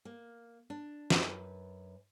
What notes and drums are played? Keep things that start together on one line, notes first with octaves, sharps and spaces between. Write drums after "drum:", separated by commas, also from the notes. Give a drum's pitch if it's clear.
A#3
D4
F#2 B4, drum: snare